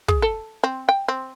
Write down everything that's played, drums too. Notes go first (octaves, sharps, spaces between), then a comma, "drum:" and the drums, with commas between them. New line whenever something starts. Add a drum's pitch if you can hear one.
G#4, drum: kick
A4
C4
G5
C4